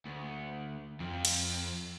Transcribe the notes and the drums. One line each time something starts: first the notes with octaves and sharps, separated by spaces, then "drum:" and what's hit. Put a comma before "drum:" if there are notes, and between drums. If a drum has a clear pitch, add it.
D2
F2
drum: cymbal